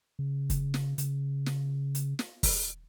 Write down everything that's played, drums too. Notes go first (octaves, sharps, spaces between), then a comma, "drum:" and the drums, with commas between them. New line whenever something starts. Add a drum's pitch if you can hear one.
C#3
drum: kick, hi-hat
drum: snare
C#3, drum: hi-hat
drum: snare
drum: hi-hat
drum: snare
drum: kick, open hi-hat